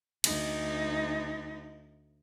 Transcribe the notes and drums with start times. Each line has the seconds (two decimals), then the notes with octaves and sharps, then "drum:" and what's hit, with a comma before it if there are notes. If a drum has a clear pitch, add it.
0.24 D2 D#4, drum: cymbal